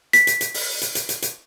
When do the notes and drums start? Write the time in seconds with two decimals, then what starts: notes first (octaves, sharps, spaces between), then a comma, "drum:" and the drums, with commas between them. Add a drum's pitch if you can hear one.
0.13 B6, drum: hi-hat
0.27 drum: hi-hat
0.41 drum: hi-hat
0.54 drum: open hi-hat
0.82 drum: hi-hat
0.95 drum: hi-hat
1.09 drum: hi-hat
1.22 drum: hi-hat